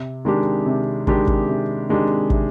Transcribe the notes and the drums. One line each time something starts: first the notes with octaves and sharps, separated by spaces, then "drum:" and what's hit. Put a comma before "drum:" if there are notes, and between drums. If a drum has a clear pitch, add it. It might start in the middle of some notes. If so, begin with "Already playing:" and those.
Already playing: C3
D#3 G#3 D4 G4
C3
D#3 G#3 D4 G4, drum: kick
drum: kick
C3
D#3 G#3 D4 G4
C3, drum: kick